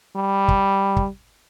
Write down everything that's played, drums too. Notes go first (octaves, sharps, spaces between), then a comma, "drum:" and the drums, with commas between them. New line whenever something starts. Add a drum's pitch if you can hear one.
G3
drum: kick
drum: kick